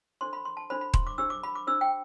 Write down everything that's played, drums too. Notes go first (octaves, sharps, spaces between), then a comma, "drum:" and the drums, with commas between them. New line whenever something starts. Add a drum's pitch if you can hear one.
D4 A4 C5 C6
B5
C6
A5
D4 A4 C5 B5
B5
C6, drum: kick D#1
D6
D4 G4 C5 E6
D6
B5
D6
D4 G4 C5 E6
G5